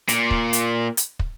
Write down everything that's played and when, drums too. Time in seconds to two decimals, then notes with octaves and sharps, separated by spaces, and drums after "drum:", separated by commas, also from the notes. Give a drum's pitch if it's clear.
0.08 A#2, drum: hi-hat
0.31 drum: kick
0.53 drum: hi-hat
0.97 drum: hi-hat
1.19 drum: kick